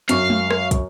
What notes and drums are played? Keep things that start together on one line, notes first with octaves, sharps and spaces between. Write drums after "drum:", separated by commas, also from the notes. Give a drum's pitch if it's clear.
F#2 F5 C#6, drum: hi-hat
drum: tom G#3
drum: rim click
drum: kick, hi-hat